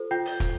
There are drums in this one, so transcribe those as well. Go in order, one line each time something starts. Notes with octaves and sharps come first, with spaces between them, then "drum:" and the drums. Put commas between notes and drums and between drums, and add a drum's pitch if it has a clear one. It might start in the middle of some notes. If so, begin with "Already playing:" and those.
Already playing: F4 A4 C5
F4 G5 G6
drum: open hi-hat
drum: kick, hi-hat